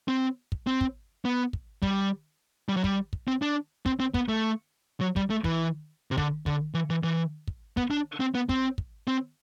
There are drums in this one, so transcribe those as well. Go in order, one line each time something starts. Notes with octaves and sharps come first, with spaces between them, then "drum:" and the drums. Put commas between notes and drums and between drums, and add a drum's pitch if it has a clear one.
C4
drum: kick
C4
drum: kick
B3
drum: kick
G3, drum: kick
G3
F#3
G3, drum: kick
drum: kick
C4
D4
C4, drum: kick
C4
B3, drum: kick
A3
F#3
G3, drum: kick
A3
E3, drum: kick
C3
D3, drum: kick
D3, drum: kick
E3
E3
E3
drum: kick
B3, drum: kick
D4
C4
B3
C4, drum: kick
drum: kick
C4